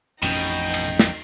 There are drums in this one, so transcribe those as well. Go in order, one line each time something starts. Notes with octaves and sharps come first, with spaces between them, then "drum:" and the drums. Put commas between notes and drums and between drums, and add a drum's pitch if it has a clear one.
A1 F2 B2 C#4 D#4 G5, drum: cymbal
drum: cymbal
drum: snare